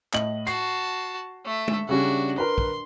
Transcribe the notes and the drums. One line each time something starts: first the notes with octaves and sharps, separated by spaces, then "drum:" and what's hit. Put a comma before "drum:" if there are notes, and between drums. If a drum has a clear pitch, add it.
A2 D#5 F#7, drum: clap
F#4 A5 C7, drum: hi-hat
A3 E5
drum: tom G#3
C#3 G3 C#4 D4 F#4
A#4 B4 C6
drum: kick